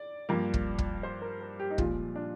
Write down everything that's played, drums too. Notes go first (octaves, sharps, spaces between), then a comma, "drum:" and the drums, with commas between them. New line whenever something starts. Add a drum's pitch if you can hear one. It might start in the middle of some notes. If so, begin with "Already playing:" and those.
Already playing: D5
G2 F3 A#3
drum: kick
drum: kick
C5
A#4
A#4
G4
D#4
A#2 F3 G#3 F4, drum: kick
D4